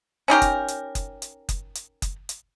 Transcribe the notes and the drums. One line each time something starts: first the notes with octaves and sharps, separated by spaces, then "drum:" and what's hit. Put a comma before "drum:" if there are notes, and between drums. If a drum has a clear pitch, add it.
C#4 D#4 G4 A#4
drum: kick F#1, hi-hat
drum: hi-hat
drum: kick F#1, hi-hat
drum: hi-hat
drum: kick F#1, hi-hat
drum: hi-hat
drum: kick F#1, hi-hat
drum: hi-hat